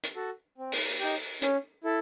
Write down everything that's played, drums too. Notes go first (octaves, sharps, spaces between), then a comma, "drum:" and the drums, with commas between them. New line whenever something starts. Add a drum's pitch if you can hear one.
drum: hi-hat
F#4 A4
C4
drum: open hi-hat
D#4 G4
C#4, drum: hi-hat
E4 A4